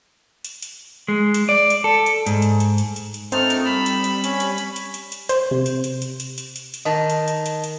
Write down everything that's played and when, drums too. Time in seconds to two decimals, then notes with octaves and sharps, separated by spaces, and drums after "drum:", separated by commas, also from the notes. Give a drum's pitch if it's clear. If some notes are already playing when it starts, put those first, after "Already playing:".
0.45 drum: hi-hat
0.62 drum: hi-hat
1.08 G#3
1.34 drum: hi-hat
1.49 D5
1.70 drum: hi-hat
1.84 A4
2.06 drum: hi-hat
2.26 G#2, drum: hi-hat
2.42 drum: hi-hat
2.60 drum: hi-hat
2.78 drum: hi-hat
2.96 drum: hi-hat
3.14 drum: hi-hat
3.32 A3 C4 D4 D#4 F4 A4 A#4 F6, drum: hi-hat
3.50 drum: hi-hat
3.65 G3 B5 E6
3.86 drum: hi-hat
4.04 drum: hi-hat
4.24 C#4, drum: hi-hat
4.40 drum: hi-hat
4.58 drum: hi-hat
4.76 drum: hi-hat
4.94 drum: hi-hat
5.12 drum: hi-hat
5.29 C5, drum: hi-hat
5.51 C3
5.66 drum: hi-hat
5.84 drum: hi-hat
6.02 drum: hi-hat
6.20 drum: hi-hat
6.38 drum: hi-hat
6.56 drum: hi-hat
6.74 drum: hi-hat
6.85 D#3 D#5 A5
7.10 drum: hi-hat
7.28 drum: hi-hat
7.46 drum: hi-hat
7.64 drum: hi-hat